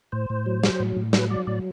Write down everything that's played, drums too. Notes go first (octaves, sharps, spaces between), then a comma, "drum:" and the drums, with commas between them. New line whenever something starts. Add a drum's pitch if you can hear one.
A2 C5
A2
F#3
F#3, drum: snare
A2
A2
F#3 B4, drum: snare
F#3 D5
A2 D5